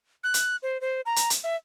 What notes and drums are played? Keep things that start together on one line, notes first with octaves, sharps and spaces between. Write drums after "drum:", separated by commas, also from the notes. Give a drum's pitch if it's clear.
F#6
drum: hi-hat
C5
C5
A#5
drum: hi-hat
drum: hi-hat
E5